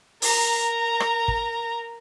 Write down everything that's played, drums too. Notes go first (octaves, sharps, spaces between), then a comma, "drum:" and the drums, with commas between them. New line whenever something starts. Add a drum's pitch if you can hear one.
A#4 A#5, drum: open hi-hat
drum: rim click
drum: kick